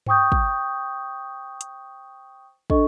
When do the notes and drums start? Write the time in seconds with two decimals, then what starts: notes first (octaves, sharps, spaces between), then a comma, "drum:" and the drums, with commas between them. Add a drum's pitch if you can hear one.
0.06 C5 G5 C#6 D#6 G6, drum: tom G2
0.32 drum: kick
1.61 drum: hi-hat
2.70 D4 A4 D#5 C#6, drum: kick